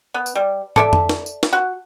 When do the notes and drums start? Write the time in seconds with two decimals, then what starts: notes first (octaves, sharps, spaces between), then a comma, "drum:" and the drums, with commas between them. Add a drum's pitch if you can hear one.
0.14 B3
0.26 drum: tambourine
0.35 G3
0.76 A4 D5 E5, drum: tom
0.93 drum: tom F2
1.09 drum: snare
1.26 drum: tambourine
1.43 drum: snare
1.53 F#4